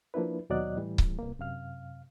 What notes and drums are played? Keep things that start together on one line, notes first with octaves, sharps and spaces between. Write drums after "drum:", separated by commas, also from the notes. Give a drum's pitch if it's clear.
F3 A#3 D4 E4 B4
D#2 B2 F#3 D5 D#5 F#6
A2 E3 G3
drum: kick C#1
C2 A#3
F#2 C3 F5 F6